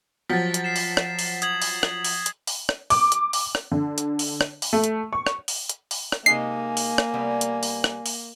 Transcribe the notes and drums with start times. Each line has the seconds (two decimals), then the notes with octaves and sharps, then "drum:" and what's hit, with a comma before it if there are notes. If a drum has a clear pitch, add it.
0.29 F3 F#3 A6 B6
0.54 drum: hi-hat
0.64 C7 E7
0.76 drum: open hi-hat
0.97 drum: rim click
1.19 drum: open hi-hat
1.42 D#6 G#6 F#7, drum: hi-hat
1.62 drum: open hi-hat
1.83 drum: rim click
2.04 drum: open hi-hat
2.26 drum: hi-hat
2.47 drum: open hi-hat
2.69 drum: rim click
2.90 D6, drum: open hi-hat
3.12 drum: hi-hat
3.33 drum: open hi-hat
3.55 drum: rim click
3.72 D3
3.98 drum: hi-hat
4.19 drum: open hi-hat
4.41 drum: rim click
4.62 drum: open hi-hat
4.73 A3
4.84 drum: hi-hat
5.13 C#6
5.27 drum: rim click
5.48 drum: open hi-hat
5.69 drum: hi-hat
5.91 drum: open hi-hat
6.12 drum: rim click
6.26 C3 G#3 A#3 D#4 G#5 C7
6.77 drum: open hi-hat
6.98 drum: rim click
7.14 C3 G3 B3
7.41 drum: hi-hat
7.63 drum: open hi-hat
7.84 drum: rim click
8.06 drum: open hi-hat